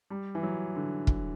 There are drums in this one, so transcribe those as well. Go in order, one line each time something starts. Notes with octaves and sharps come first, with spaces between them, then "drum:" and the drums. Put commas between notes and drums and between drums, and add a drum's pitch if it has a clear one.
G3
E3
F#3
D3
drum: kick